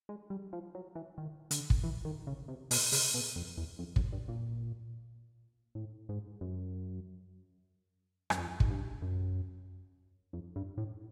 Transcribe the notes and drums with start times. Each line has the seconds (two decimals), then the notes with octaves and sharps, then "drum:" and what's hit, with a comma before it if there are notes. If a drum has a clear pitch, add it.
0.09 G#3
0.30 G3
0.53 F3
0.75 F#3
0.95 E3
1.18 D#3
1.51 D3, drum: hi-hat
1.70 drum: kick
1.84 E3
2.05 D#3
2.27 C#3
2.48 C3
2.71 B2, drum: open hi-hat
2.92 C#3, drum: open hi-hat
3.14 B2
3.36 F2
3.57 E2
3.79 F2
3.96 F#2, drum: kick
4.12 G2
4.28 A#2
5.75 A2
6.09 G#2
6.41 F#2
8.30 F#2, drum: rim click
8.38 F2
8.60 G#2, drum: kick
8.71 G2
9.02 F#2
10.33 F2
10.56 G2
10.78 A2